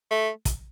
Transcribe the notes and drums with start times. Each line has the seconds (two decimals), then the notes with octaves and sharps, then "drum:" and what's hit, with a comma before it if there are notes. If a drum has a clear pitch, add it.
0.11 A3
0.45 drum: kick, hi-hat